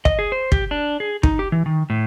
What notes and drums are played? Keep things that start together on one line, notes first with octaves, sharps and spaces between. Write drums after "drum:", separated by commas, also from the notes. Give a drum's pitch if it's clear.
D#5, drum: kick
G#4
C5
G4, drum: kick
D4
G#4
D#4, drum: kick
G4
E3
D#3
A2